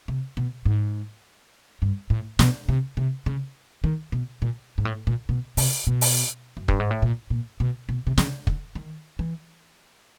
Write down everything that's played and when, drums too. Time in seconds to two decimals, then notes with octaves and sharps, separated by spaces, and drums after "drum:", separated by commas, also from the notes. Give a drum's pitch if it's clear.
0.08 C3
0.37 B2
0.65 G#2
1.82 G2
2.10 A2
2.39 B2, drum: snare
2.68 C3
2.97 C3
3.26 C#3
3.84 D#3
4.12 B2
4.42 A#2
4.78 G#2
4.85 A2
5.07 A#2
5.29 B2
5.57 C3, drum: open hi-hat
5.87 B2
6.01 drum: open hi-hat
6.57 F#2
6.68 G2, drum: kick
6.80 G#2
6.91 A2
7.02 A#2
7.30 A#2
7.60 B2
7.89 B2
8.07 C3
8.18 C#3, drum: snare
8.47 D3, drum: kick
8.75 D#3
9.19 E3